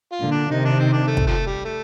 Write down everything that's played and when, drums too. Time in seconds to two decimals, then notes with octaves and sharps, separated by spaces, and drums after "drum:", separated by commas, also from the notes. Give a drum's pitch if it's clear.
0.12 F4
0.22 A#2 D3
0.32 D4
0.50 C3 D#3 D#4
0.65 D4
0.80 C4
0.93 D4
1.07 A3
1.17 drum: kick
1.27 C3 F3 A3
1.47 G3
1.65 A3